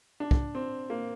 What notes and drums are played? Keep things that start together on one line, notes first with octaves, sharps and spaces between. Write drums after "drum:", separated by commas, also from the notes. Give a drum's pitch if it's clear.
D4
drum: kick
C4
A#3